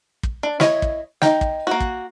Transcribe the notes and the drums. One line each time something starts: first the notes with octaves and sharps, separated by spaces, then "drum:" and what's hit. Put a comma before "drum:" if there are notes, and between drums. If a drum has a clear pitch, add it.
drum: kick
D4
E4 C#5 D#5, drum: snare
drum: kick
D#4 G5, drum: snare
drum: kick
A#3 F#4
drum: kick